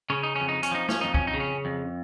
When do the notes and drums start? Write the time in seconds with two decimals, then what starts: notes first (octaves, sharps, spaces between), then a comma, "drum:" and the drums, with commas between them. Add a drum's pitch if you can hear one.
0.10 C#3 C#4
0.23 D#4
0.36 F2 C#4
0.49 D#4
0.63 C#4, drum: hi-hat
0.71 F3 D#4
0.89 C#4, drum: snare
1.01 F2 D#4
1.14 C#4, drum: kick B1
1.27 D#4
1.34 C#3
1.40 C#4
1.65 F2